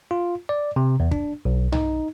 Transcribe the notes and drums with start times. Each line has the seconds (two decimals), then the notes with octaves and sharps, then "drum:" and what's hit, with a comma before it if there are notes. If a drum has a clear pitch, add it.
0.11 F4
0.49 D5
0.76 C3
1.00 E2
1.11 D4, drum: kick
1.45 B1
1.72 D#4, drum: tom B1